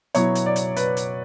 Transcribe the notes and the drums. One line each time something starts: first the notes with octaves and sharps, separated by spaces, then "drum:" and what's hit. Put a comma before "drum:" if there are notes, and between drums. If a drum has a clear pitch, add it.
B2 F#3 B3 E4 C#5, drum: hi-hat
drum: hi-hat
D5
drum: hi-hat
B4, drum: hi-hat
drum: hi-hat